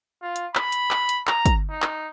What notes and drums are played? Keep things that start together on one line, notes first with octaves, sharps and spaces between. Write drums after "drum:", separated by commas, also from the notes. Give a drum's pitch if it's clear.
F4
drum: hi-hat
B5, drum: clap
drum: hi-hat
drum: clap
drum: hi-hat
A#5, drum: clap
drum: kick, hi-hat
D#4
drum: clap